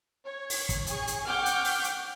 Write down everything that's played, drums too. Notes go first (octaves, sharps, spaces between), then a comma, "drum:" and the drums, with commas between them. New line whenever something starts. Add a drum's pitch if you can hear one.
C#5
drum: open hi-hat
drum: kick, hi-hat
G#4 C#6, drum: hi-hat
drum: hi-hat
F#5 G5 C#6 D6 F6 G6
drum: hi-hat
drum: open hi-hat
drum: hi-hat